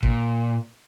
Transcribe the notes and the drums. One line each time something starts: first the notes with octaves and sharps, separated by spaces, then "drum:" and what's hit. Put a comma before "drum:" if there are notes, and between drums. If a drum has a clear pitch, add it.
A#2, drum: kick